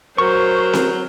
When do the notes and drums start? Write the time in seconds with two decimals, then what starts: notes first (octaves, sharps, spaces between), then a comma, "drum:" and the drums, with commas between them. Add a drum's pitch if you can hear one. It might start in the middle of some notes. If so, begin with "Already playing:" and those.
0.18 F#3 A#4 C5 C#6
0.73 drum: snare C4